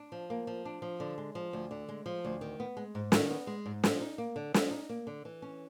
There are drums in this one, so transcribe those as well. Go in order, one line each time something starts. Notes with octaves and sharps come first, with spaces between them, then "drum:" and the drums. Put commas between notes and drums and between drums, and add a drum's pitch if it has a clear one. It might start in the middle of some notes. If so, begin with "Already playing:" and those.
Already playing: D4
F3
A#3
F3
D4
F3
D3
G#3
F3
D2
D3
G#3
F3
D2
D#3
B3
G#3
G#2
D#3, drum: snare
B3
G#3
G#2
F3, drum: snare
D#4
A#3
D3
F3, drum: snare
D#4
A#3
D3
E3
C#4